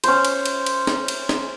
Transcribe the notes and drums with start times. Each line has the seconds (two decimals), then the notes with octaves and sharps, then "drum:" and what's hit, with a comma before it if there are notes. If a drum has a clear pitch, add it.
0.04 C#4 C5, drum: cymbal
0.25 drum: cymbal
0.46 drum: cymbal
0.66 drum: cymbal
0.87 drum: snare
1.08 drum: cymbal
1.29 drum: snare